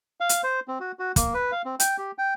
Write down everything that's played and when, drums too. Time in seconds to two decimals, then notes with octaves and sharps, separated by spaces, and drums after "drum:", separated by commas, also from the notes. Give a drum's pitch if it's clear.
0.20 F5
0.29 drum: hi-hat
0.43 C5
0.68 C4
0.80 F#4
0.99 F#4
1.16 A#3, drum: kick, hi-hat
1.34 B4
1.52 F5
1.65 C4
1.80 G5, drum: hi-hat
1.98 G4
2.18 G5